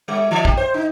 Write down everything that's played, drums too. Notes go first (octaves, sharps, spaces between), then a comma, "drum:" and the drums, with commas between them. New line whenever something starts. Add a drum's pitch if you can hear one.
G3
E3
G4, drum: kick
C5
D#4